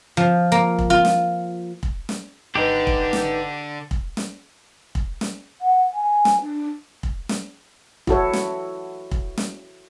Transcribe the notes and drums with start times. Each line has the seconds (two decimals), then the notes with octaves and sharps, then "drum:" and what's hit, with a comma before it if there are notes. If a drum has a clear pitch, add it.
0.17 F3
0.52 A#3
0.79 drum: kick
0.90 F4
1.05 drum: snare
1.83 drum: kick
2.09 drum: snare
2.55 G#1 D3 D#4 G4 B4
2.87 drum: kick
3.13 drum: snare
3.91 drum: kick
4.17 drum: snare
4.95 drum: kick
5.21 drum: snare
5.61 F#5
5.93 G#5
6.25 drum: snare
6.40 D4
7.03 drum: kick
7.29 drum: snare
8.07 E4 F#4 A4 C#5, drum: kick
8.33 drum: snare
9.11 drum: kick
9.37 drum: snare